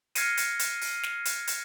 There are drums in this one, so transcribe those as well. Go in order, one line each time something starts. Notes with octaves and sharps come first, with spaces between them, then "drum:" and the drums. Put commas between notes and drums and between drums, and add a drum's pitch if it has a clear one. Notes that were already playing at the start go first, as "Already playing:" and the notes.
F6 G#6 A#6 C7 C#7 D#7, drum: hi-hat
drum: hi-hat
drum: hi-hat
drum: open hi-hat
drum: snare
drum: hi-hat
drum: hi-hat